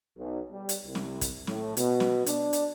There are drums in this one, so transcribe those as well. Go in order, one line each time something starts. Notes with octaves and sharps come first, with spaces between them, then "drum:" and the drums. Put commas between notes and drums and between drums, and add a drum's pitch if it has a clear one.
B1
G3
drum: hi-hat
C2
drum: snare
drum: kick, hi-hat
A2, drum: snare
B2, drum: hi-hat
drum: snare
D4, drum: hi-hat
drum: hi-hat